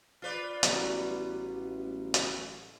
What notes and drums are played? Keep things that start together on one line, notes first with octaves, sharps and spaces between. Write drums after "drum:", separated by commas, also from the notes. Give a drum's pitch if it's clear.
F4 B4 D5
A1 F#3 G3 B3, drum: hi-hat
drum: hi-hat